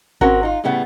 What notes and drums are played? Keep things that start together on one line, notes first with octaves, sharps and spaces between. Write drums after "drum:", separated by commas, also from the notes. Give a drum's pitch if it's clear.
C4 C#4 F#4 A#4 C#5, drum: kick G#1
D#4 F4
A2 C#3 G3 A3 B3